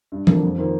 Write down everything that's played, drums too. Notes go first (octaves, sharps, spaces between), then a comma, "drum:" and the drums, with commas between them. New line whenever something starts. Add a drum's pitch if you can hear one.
G2
D3 F3 A#3 D4, drum: tom E3
F2
D#3 A#3 F4 C5